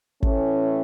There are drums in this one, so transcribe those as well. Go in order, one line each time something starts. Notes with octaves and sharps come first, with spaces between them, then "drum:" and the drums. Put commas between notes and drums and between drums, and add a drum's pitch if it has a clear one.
A2 E3 A3 C#4, drum: kick